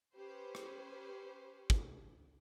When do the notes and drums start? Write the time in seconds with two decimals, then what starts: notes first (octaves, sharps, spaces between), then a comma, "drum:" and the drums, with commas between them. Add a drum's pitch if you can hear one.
0.16 C#4 G4 B4 C5
0.55 drum: rim click
1.70 drum: kick